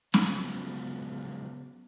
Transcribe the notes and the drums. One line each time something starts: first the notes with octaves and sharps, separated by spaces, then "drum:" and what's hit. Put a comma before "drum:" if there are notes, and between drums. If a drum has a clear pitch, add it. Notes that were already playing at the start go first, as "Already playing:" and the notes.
C#3 F3 F#3 G#3 B3 C#4, drum: snare